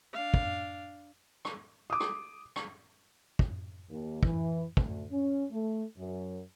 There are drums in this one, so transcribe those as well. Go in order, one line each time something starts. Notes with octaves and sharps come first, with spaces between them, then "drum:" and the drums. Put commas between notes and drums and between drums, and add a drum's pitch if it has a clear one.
D4 F5
drum: kick
drum: rim click
D6 D#6
drum: rim click
drum: rim click
drum: kick
D#2
E3, drum: kick
D2, drum: kick
C#4
A3
F#2